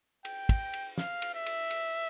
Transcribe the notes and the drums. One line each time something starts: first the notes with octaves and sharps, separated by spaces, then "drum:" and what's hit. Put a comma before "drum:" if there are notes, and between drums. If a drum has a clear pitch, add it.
G5, drum: cymbal
drum: kick, cymbal
drum: cymbal
F5, drum: snare
drum: cymbal
E5
drum: cymbal
drum: cymbal